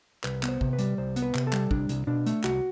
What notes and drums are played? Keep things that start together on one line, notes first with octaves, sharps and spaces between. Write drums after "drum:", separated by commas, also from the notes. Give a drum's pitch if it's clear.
C2 B4, drum: clap
B3, drum: clap
C5
C3, drum: kick
B4
G3, drum: hi-hat
C2 C5
B3, drum: hi-hat
B4
C3, drum: clap
A4
G3, drum: clap
C2 D4, drum: kick
C2, drum: hi-hat
B2 D4
A3, drum: hi-hat
C2 F#4, drum: clap